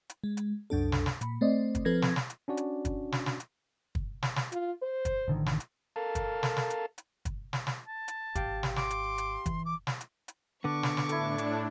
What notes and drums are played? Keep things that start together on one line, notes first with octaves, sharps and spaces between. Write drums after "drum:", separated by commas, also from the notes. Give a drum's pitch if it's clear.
drum: hi-hat
G#3
drum: hi-hat
C2 F#2 D4 A4
drum: snare
drum: snare
A#2 B5, drum: hi-hat
A3 C4 C5 D5 D#5
drum: kick, hi-hat
F3 C4 A4 B4 G#6 A#6
drum: snare
drum: snare
drum: hi-hat
C#4 D4 F#4 D5
drum: hi-hat
drum: kick, hi-hat
drum: snare
drum: snare
drum: hi-hat
drum: kick
drum: snare
drum: snare
F4, drum: hi-hat
C5
drum: kick, hi-hat
A1 D3 D#3
drum: snare
drum: hi-hat
A4 A#4 F5 A5
drum: kick, hi-hat
drum: snare
drum: snare
drum: hi-hat
drum: hi-hat
drum: kick, hi-hat
drum: snare
drum: snare
A5
drum: hi-hat
G#1 G4 F5 G5, drum: kick, hi-hat
drum: snare
C6 D6, drum: snare
drum: hi-hat
drum: hi-hat
E3, drum: kick, hi-hat
D6
drum: snare
drum: hi-hat
drum: hi-hat
D3 B3 D4 C#6 D6
drum: snare
drum: snare
A2 D4 E4 A4, drum: hi-hat
drum: hi-hat